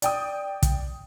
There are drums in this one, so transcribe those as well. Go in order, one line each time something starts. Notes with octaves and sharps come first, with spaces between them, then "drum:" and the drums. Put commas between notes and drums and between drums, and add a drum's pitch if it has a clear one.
D5 G5 D#6, drum: hi-hat
drum: kick, hi-hat